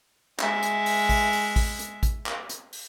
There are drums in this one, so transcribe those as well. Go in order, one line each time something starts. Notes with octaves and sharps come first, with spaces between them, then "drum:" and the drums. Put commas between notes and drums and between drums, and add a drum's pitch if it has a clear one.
G#3 E5, drum: clap
drum: hi-hat
drum: open hi-hat
drum: kick A1, open hi-hat
drum: open hi-hat
drum: kick A1, open hi-hat
drum: hi-hat
drum: kick A1, hi-hat
drum: clap
drum: hi-hat
drum: open hi-hat